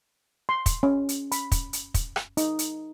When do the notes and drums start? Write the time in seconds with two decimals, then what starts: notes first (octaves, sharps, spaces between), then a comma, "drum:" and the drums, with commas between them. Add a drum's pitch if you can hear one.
0.49 C6
0.66 drum: kick, hi-hat
0.83 C#4
1.09 drum: hi-hat
1.32 B5, drum: hi-hat
1.52 drum: kick, hi-hat
1.73 drum: hi-hat
1.94 drum: kick, hi-hat
2.16 drum: rim click
2.37 D#4, drum: hi-hat
2.59 drum: hi-hat